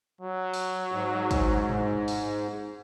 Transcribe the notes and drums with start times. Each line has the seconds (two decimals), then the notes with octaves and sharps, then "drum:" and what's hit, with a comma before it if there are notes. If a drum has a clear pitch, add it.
0.21 F#3
0.54 drum: open hi-hat
0.92 G#2
1.31 drum: kick, hi-hat
1.69 drum: tom G2
2.08 drum: open hi-hat